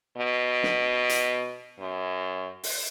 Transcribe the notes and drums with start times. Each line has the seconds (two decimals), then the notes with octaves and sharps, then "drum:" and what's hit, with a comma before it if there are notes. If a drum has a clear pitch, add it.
0.17 B2
0.63 drum: snare
1.09 drum: hi-hat
1.79 F#2
2.63 drum: open hi-hat